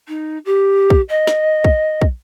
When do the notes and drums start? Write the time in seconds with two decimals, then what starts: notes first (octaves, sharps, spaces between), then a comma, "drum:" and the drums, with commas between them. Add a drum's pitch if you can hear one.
0.08 D#4
0.45 G4
0.90 drum: kick
1.09 D#5
1.27 drum: snare
1.64 drum: kick
2.01 drum: kick